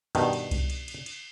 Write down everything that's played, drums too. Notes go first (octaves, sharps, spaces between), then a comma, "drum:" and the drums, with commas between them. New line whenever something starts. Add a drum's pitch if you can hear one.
G2 B2 D#3, drum: cymbal
drum: cymbal
drum: kick C2, cymbal
drum: cymbal
drum: cymbal
drum: cymbal